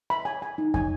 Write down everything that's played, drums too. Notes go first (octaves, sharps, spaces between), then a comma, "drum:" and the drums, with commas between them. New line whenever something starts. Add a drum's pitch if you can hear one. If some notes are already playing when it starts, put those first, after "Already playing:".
B5
G#5
G#5
D#4
G#5, drum: kick